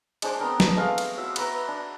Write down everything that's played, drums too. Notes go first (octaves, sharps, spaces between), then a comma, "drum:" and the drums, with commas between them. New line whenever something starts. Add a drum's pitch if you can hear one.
G#3 D4 C5 D6, drum: cymbal
B3 C4 D4 A#4
drum: snare
G#3 A3 D#5 F5
drum: cymbal
F#4 E5 F#5 E6
B4 A#5 B5, drum: cymbal
D4